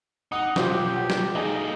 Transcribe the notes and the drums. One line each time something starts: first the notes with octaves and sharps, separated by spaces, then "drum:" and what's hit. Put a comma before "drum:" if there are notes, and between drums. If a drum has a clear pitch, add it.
D#4 F#5 D#6
B1 F2 F#3 F4 G4 C5, drum: snare
drum: snare
A3 A#3 D#4 G#4 D#5